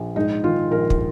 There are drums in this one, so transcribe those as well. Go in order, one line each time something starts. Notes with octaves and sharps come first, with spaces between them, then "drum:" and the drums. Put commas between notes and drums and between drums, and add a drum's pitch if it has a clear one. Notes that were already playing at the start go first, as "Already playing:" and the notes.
Already playing: A#1
G#2 D#4
D#3 F4
A#1 A#4
drum: kick